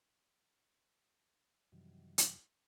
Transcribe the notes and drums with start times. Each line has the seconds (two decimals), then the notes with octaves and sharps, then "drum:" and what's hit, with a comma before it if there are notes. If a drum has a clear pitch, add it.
1.72 F#2 C3 D#3 E3 F#3 G3
2.18 drum: hi-hat